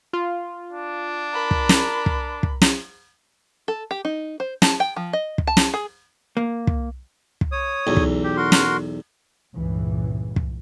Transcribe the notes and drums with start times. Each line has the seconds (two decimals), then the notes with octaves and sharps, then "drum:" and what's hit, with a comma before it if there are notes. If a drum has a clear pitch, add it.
0.13 F4
0.72 D4
1.32 A#4 B5
1.51 drum: kick
1.69 drum: snare
2.06 drum: kick
2.43 drum: kick
2.62 drum: snare
3.68 A4
3.91 G4
4.05 D#4
4.40 C5
4.62 A5, drum: snare
4.80 G5
4.96 F3
5.13 D#5
5.38 drum: kick
5.47 A5
5.57 drum: snare
5.74 G#4
6.37 A#3
6.67 drum: kick
7.41 drum: kick
7.52 C#5 D#6
7.87 B1 E2
7.96 drum: kick
8.24 G4
8.37 F#4 A#4 C6
8.52 drum: snare
9.55 C#2 G2 A#2 E3
10.36 drum: kick